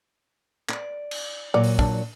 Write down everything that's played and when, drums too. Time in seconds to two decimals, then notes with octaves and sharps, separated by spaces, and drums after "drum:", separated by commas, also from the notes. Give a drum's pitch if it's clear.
0.69 D5, drum: clap
1.11 drum: cymbal
1.54 A#2 F#3 D5
1.64 drum: open hi-hat
1.79 D4, drum: kick